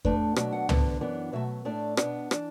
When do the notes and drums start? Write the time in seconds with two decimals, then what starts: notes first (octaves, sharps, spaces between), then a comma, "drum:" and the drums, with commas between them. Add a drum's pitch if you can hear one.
0.05 A2 A3 D4 B4, drum: kick E2
0.36 B2 F#3 A3 D4, drum: rim click
0.52 F#5
0.69 D2 D3 B3, drum: tom
1.00 F#2 E3 B3 D4
1.33 B2 F#3 A3 E5
1.65 A2 A3 D4 D5
1.97 B2 B3 D4, drum: rim click
2.31 E3 D4, drum: rim click